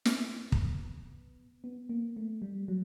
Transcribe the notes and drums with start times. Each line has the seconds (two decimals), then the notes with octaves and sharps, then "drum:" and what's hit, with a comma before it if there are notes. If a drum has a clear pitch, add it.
0.05 B3, drum: snare
0.52 drum: kick
1.64 B3
1.89 A#3
2.17 A3
2.42 G3
2.68 F#3